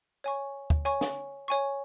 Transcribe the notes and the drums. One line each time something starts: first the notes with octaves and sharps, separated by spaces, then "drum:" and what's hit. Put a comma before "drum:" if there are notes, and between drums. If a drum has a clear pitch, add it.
C#5 G#5 C#6
drum: kick
C#5 G#5 C#6
drum: snare
C#5 G#5 C#6